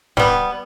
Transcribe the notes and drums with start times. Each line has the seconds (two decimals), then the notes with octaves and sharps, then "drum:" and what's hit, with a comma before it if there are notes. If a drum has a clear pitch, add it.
0.17 G3 B3, drum: snare